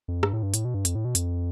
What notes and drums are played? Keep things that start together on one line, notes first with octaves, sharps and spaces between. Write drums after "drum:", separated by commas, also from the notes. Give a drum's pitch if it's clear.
F2
G2, drum: rim click
A2
G2
A2, drum: hi-hat
B2
G2
F2, drum: hi-hat
A2
B2
F2, drum: hi-hat